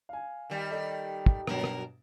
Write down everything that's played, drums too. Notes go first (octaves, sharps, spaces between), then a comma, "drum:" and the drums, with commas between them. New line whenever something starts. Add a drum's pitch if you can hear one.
F5 G#5
D#3 G3
A4 D5 D#5
drum: kick
G2 B2 F#3 A#4, drum: rim click
drum: rim click